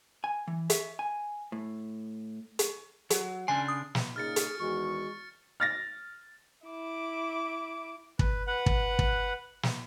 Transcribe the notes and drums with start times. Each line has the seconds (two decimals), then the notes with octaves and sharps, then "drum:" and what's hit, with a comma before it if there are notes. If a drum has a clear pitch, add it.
0.24 G#5
0.48 E3
0.70 E5, drum: hi-hat
0.99 G#5
1.52 A2
2.59 drum: hi-hat
3.10 F#3, drum: hi-hat
3.48 C#3 D4 G#5 C6
3.68 D#6
3.95 drum: snare
4.16 A#2 C#3 D#4 G#4 F6 A6 C#7
4.36 drum: hi-hat
4.60 E2 D#3 G#3 F#4 C#6
5.60 F6 A6 A#6
6.67 E4 D6
8.19 B4, drum: kick
8.47 B4 F#5
8.66 drum: kick
8.99 drum: kick
9.63 drum: snare